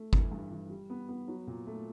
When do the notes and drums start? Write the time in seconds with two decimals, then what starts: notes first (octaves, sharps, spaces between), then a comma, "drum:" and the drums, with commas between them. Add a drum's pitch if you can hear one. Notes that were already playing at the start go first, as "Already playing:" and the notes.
Already playing: A3
0.13 E3, drum: kick G1
0.31 G2
0.51 E3
0.70 G3
0.90 B3
1.08 B3
1.28 F#3
1.47 A#2
1.67 A3